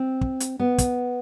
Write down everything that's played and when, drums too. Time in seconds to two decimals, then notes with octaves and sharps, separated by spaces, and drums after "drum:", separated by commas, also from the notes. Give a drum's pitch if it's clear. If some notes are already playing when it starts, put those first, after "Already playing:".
Already playing: C4
0.21 drum: kick
0.40 drum: hi-hat
0.60 B3
0.78 drum: kick, hi-hat